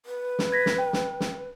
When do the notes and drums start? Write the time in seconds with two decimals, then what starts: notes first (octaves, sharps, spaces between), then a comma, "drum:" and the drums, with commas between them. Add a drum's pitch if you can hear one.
0.06 B4
0.39 drum: snare
0.52 G#6 A#6 B6
0.66 drum: snare
0.78 G5
0.93 drum: snare
1.20 drum: snare